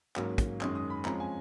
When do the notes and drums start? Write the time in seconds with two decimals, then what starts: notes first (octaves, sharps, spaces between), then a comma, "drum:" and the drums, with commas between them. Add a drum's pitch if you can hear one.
0.16 G#2 F#3 A#3 C#4, drum: clap
0.38 drum: kick, hi-hat
0.61 F#2 D#3 G#3 C#4 D#6, drum: clap
0.75 D#6
0.90 B5
1.05 F2 F3 G#3 C#4 A#5, drum: clap
1.20 G#5